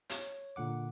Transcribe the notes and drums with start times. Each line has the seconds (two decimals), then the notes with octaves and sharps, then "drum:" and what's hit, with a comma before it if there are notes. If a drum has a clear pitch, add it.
0.10 C#5 C#6, drum: hi-hat
0.56 A#2 D3 F#5 D6